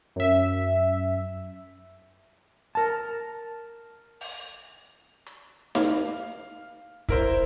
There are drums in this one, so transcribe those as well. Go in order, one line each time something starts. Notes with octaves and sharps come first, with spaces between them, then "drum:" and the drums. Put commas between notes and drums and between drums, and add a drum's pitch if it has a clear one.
F#2 E5
A#4 A5
drum: open hi-hat
drum: hi-hat
F5, drum: snare D#4
E4 A#4 C5, drum: kick